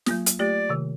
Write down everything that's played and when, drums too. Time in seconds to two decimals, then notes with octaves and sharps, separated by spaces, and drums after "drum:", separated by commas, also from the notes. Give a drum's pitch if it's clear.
0.06 F#3 A#3 F4, drum: snare
0.26 drum: hi-hat
0.39 A3 F4 G4 D5
0.70 C3 D#3